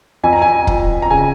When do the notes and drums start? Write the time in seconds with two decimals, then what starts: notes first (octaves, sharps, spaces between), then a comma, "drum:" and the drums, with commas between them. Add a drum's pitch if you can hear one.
0.23 F2 G#5
0.33 A#5
0.42 G#5
0.67 F3, drum: kick
1.02 A#5
1.10 C#3 G#5